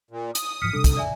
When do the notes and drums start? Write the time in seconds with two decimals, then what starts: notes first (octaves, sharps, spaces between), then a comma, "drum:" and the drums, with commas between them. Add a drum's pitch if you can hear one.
0.11 A#2
0.35 D#6, drum: hi-hat
0.62 A1 G#2 F3 F6 B6 C#7
0.73 C3 G3 D4 A4
0.84 drum: kick, hi-hat
0.97 D5 E5 G#5